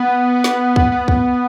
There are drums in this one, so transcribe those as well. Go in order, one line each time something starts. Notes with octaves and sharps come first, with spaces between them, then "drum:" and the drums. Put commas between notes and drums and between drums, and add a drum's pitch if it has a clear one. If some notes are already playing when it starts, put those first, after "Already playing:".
Already playing: B3
drum: snare
drum: kick
B3
drum: kick